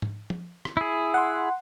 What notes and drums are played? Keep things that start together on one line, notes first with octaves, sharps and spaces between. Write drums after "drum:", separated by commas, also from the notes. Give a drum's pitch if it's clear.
drum: tom G#2
drum: tom
drum: rim click
E4 G#4
F#5 C6